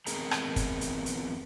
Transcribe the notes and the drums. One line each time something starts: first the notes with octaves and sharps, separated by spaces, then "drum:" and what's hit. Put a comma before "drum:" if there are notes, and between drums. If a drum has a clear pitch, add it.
E2 B3 C4 G#4 A#4 A#5, drum: hi-hat
drum: rim click
drum: kick, hi-hat
drum: hi-hat
drum: hi-hat